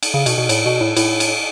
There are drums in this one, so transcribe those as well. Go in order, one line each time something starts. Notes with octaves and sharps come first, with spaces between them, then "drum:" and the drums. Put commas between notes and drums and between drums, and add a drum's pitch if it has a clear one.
drum: cymbal
C#3
B2, drum: cymbal
B2
A2, drum: cymbal
B2
A2
A2, drum: cymbal
drum: cymbal